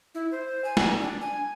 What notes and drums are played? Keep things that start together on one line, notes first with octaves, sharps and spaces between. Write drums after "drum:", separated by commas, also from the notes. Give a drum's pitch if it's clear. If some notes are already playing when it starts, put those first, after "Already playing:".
E4
C5
G#5
drum: snare
D4
G#5